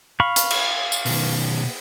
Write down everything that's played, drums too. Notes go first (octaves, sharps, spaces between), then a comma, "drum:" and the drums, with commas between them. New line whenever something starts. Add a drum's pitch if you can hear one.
F5 B5 C#6
drum: hi-hat
drum: cymbal
drum: tambourine
B2 D#3, drum: open hi-hat